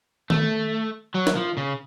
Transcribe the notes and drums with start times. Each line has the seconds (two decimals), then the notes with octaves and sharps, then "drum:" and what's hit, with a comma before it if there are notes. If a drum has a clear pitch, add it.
0.30 A3, drum: tom D#3
1.15 F#3
1.27 drum: snare
1.36 F3
1.58 C#3